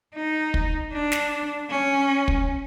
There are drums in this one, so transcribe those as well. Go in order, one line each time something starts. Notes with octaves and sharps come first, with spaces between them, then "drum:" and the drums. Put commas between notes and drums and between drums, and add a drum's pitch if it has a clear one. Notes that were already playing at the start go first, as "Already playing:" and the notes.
D#4
drum: kick
D4
drum: snare
C#4
drum: kick